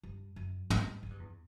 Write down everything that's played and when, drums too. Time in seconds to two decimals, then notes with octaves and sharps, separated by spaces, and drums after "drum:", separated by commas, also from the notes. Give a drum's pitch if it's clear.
0.03 G2
0.36 F#2
0.70 G2, drum: tom
1.03 G#2
1.10 G2
1.20 E2